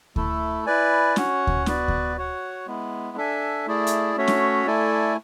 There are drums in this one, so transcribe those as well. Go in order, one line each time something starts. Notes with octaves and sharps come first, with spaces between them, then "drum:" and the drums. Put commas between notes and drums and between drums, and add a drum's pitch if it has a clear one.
A3 E4 A4, drum: kick D2
E4 B4 D5 G#5
C#4 F#4 C#5 F#5, drum: snare
drum: kick D2
B3 F#4 B4 D5, drum: snare
drum: kick D2
F#4 C#5 F#5
G#3 B3 E4
D4 A4 E5 G#5
A3 E4 G#4 D5
drum: hi-hat
A3 C#4 F#4 C#5 E5
drum: snare
A3 E4 A4 D5 G#5